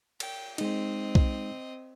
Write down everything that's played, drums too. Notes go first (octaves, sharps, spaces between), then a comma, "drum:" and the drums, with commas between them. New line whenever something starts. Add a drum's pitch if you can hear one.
G5, drum: cymbal
G#3 C4 D#4 D#5, drum: cymbal
drum: kick B1